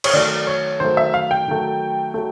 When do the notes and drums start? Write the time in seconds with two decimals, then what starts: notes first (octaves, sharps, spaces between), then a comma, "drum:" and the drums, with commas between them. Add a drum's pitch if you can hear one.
0.04 C#5, drum: cymbal
0.13 D#3 F#3 A3 D5
0.47 C#5
0.80 D#3 F#3 A3 C5
0.97 E5
1.14 F5
1.31 G5
1.48 D#3 F#3 A3
2.14 F#3 A3